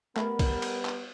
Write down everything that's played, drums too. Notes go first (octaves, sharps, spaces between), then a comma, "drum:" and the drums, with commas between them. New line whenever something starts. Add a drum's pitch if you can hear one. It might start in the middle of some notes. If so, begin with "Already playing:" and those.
G3 A3 B3 A#4 B5, drum: clap
drum: kick C2, cymbal
drum: cymbal
drum: clap